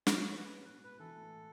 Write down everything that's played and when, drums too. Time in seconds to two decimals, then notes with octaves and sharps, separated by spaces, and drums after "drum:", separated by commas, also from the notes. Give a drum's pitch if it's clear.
0.07 G#3 C#5, drum: snare
0.22 G#3
0.37 G#3 B4
0.53 G#3
0.68 B1
0.84 B1 B4
0.99 E3 A4
1.16 A2